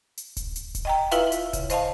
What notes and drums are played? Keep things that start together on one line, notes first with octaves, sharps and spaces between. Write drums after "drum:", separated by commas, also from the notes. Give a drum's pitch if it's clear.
drum: hi-hat
drum: kick D1, hi-hat
drum: hi-hat
drum: kick D1, hi-hat
D#5 G5 A#5
E4 F4 B4 E5 F5, drum: hi-hat
drum: hi-hat
C#3, drum: kick D1, hi-hat
C5 D#5 F5 A5, drum: hi-hat